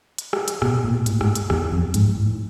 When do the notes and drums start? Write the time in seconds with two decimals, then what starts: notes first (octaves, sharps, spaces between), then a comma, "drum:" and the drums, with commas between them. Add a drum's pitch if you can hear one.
0.18 drum: hi-hat
0.33 drum: rim click
0.48 drum: hi-hat
0.62 B2, drum: rim click
0.84 A#2
1.06 A2, drum: hi-hat
1.21 G#2, drum: rim click
1.35 drum: hi-hat
1.50 E2, drum: rim click
1.72 F2
1.94 G#2, drum: hi-hat
2.16 A2